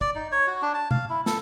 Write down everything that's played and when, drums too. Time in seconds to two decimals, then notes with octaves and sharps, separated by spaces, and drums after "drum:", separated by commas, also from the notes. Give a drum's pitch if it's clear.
0.01 D5, drum: kick
0.15 D#4
0.32 C#5
0.47 F#4
0.62 D4
0.74 A5
0.91 F5, drum: tom B2
1.10 E4
1.26 A4, drum: snare